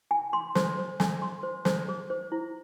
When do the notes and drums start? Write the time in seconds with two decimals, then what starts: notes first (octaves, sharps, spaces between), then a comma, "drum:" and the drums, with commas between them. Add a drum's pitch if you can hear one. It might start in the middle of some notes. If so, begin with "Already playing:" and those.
0.11 G#5
0.33 C6
0.55 C5, drum: snare
0.78 C5
1.00 G#5, drum: snare
1.22 C6
1.43 C5
1.65 C5, drum: snare
1.88 G#4
2.10 C5
2.32 E4